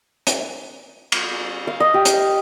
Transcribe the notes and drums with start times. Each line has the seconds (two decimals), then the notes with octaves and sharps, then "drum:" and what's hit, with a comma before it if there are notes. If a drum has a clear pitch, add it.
0.27 drum: hi-hat
1.12 drum: cymbal
1.67 F5
1.80 D#5
1.94 G4
2.05 drum: hi-hat